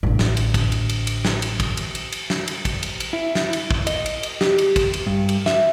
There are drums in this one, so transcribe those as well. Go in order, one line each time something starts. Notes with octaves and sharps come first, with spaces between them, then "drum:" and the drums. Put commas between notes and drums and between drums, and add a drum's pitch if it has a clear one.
A1 D3
drum: snare
drum: cymbal
drum: kick, cymbal
drum: cymbal
drum: cymbal
drum: cymbal
drum: snare
drum: cymbal
drum: kick, cymbal
drum: cymbal
drum: cymbal
drum: cymbal
drum: snare
drum: cymbal
drum: kick, cymbal
drum: cymbal
drum: cymbal
E4
drum: snare
drum: cymbal
drum: kick
D#5, drum: cymbal
drum: cymbal
drum: cymbal
G4, drum: snare
drum: cymbal
drum: kick, cymbal
drum: cymbal
G2
drum: cymbal
E5, drum: snare